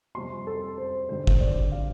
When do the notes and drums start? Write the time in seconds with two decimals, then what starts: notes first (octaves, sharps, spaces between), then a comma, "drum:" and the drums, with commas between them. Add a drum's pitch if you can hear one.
0.15 F2 C3 G3 C4 C6
0.47 A4
0.78 C5
1.09 G2 D3 G3 C4 C5
1.27 drum: kick
1.41 D5
1.72 F5